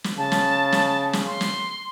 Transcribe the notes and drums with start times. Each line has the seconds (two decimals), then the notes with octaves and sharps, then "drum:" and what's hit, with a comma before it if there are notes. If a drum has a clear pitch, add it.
0.04 drum: snare
0.18 C#3 A5
0.32 drum: snare
0.72 drum: snare
1.13 drum: snare
1.27 C6
1.41 drum: snare